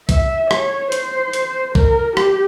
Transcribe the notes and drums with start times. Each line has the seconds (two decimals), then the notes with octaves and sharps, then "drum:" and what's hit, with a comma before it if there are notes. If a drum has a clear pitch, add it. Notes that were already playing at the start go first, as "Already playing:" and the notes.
0.09 E5, drum: kick C2, hi-hat
0.51 C#5, drum: rim click
0.92 C5, drum: hi-hat
1.33 drum: hi-hat
1.75 A#4, drum: kick C2
2.17 G4, drum: rim click